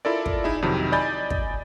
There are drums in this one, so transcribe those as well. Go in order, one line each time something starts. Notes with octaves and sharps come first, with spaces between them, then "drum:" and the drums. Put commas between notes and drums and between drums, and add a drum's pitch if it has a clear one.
E4 F4 A4 A#4 D5
drum: kick
D#4 E4 G#4 E5
F2 C3 D#3 F#3
D5 D#5 G#5 B5 G6 A6
drum: kick